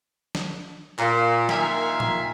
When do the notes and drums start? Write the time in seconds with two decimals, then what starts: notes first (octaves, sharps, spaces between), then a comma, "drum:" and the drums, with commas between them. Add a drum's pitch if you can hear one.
0.35 drum: snare
0.99 A#2, drum: clap
1.49 A#2 D#3 A#4 E5 G#5 C6, drum: snare
2.00 drum: tom A2